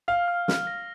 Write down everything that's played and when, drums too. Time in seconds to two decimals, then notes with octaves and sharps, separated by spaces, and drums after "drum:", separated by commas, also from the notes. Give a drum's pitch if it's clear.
0.08 F5 F6
0.28 F6
0.48 F6, drum: snare
0.67 A#6